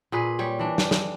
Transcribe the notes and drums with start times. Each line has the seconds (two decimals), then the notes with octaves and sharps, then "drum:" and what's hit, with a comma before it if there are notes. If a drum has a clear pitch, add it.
0.12 A#2 G#4 B4
0.39 G3 C#5
0.59 E3 D4
0.78 drum: snare
0.91 drum: snare